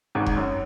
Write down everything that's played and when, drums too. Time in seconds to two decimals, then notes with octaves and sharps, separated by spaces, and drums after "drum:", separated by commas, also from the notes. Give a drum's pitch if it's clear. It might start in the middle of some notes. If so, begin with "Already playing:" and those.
0.15 G#1 G#2
0.26 drum: kick E1
0.37 F#2